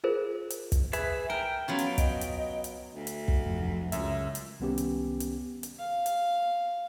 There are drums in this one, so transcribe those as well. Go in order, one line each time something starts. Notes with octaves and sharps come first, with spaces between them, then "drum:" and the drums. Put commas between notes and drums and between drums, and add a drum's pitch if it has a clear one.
F4 G#4 A#4 C5
drum: hi-hat
drum: kick, hi-hat
G#4 B4 E5, drum: hi-hat
A#4 G5
F#3 B3 C#4 F4
drum: hi-hat
D#5, drum: kick, hi-hat
drum: hi-hat
drum: hi-hat
D2
drum: hi-hat
drum: kick
F1 F#3
C#2 F#2 E5, drum: hi-hat
drum: hi-hat
C2 D#3 B3 C#4 G4
drum: hi-hat
drum: hi-hat
drum: hi-hat
F5
drum: hi-hat